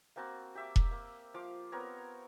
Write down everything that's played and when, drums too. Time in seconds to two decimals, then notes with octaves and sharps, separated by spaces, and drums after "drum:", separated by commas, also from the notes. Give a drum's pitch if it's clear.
0.16 A#3 C4 F#4 A5
0.55 G4 E5 D6
0.76 drum: kick E1
0.91 A#3
1.34 F3 F4 F5 D6
1.72 B3 C4 A#4 C#5